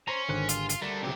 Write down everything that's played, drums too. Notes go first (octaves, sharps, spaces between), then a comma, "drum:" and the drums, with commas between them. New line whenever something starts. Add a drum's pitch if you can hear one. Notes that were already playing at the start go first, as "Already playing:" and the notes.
C#4 C5 A#5
G#1 D3 D#3 C5 F#6
F4 G4 G#5 F6, drum: hi-hat
F4, drum: hi-hat
D3 G3 A3 A#4
A#2 C#3 F#3 C4 G4